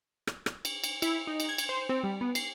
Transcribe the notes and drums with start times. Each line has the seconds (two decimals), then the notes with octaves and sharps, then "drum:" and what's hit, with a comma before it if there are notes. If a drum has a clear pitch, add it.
0.27 drum: rim click
0.46 drum: rim click
0.65 drum: cymbal
0.84 drum: cymbal
1.02 E4, drum: cymbal
1.27 D#4
1.40 drum: cymbal
1.49 G#6
1.58 drum: cymbal
1.69 C5
1.89 C4
2.03 G3
2.21 B3
2.35 C7, drum: cymbal